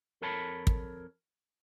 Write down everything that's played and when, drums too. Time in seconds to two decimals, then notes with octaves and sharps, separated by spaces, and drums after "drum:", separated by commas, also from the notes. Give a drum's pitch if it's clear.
0.22 F2 A4 A#4 C#5 A5 B5
0.67 drum: kick